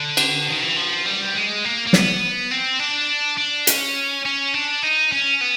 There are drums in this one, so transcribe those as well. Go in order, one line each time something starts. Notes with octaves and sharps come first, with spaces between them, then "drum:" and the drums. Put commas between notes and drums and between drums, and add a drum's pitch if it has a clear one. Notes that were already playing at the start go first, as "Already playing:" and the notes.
Already playing: D3
drum: cymbal
D#3
E3
F3
G3
G#3
A#3
A#3
B3, drum: snare
C4
D4
D4
C#4, drum: hi-hat
C#4
D4
D#4
C#4
B3